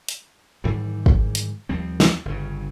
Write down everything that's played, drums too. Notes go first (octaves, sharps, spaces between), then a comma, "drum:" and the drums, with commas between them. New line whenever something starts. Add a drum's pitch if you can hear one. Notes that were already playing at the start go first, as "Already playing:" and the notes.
drum: hi-hat
G#2 D#3 E3 G3
drum: kick
drum: hi-hat
D#2 F3 G3 C4
drum: snare
G1 G2 C#3